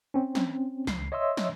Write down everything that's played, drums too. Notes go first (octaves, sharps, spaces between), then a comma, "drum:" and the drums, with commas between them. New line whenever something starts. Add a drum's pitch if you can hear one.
C4 C#4
drum: snare
C#2 C7, drum: snare
C#5 D#5 E5 C6 E6
drum: snare